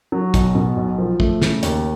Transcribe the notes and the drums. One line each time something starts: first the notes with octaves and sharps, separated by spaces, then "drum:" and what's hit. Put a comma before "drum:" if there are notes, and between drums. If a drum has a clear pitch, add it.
F#3
B1, drum: kick, hi-hat
B2
B1
F3
A3, drum: kick
C#3, drum: snare
D#2, drum: hi-hat